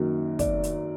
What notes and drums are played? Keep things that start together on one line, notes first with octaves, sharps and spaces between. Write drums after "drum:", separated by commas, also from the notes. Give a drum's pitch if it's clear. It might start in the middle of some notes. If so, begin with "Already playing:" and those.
Already playing: F#2 D#3 F#3 A#3
D5, drum: kick, hi-hat
drum: hi-hat